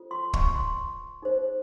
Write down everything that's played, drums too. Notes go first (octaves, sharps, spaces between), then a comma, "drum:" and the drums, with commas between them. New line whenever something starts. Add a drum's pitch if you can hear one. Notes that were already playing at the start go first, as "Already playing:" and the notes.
Already playing: F4 A4 C5
C6
C#6, drum: kick
C6
D#4 G#4 C5